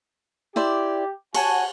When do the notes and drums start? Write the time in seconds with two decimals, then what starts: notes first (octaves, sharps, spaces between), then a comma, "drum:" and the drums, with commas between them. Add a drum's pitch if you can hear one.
0.56 E4 G4 C5 D5
1.34 F#4 C#5 F#5 G#5 A5, drum: cymbal